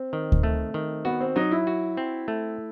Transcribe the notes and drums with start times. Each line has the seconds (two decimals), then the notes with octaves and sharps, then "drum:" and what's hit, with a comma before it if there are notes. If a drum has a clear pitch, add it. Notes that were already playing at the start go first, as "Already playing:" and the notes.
Already playing: C4
0.13 D#3
0.32 drum: kick D2
0.43 A3
0.74 D#3
1.05 B3 F#4
1.20 C4
1.36 F#3 D#4
1.51 E4
1.67 F#4
1.97 C4
2.28 A3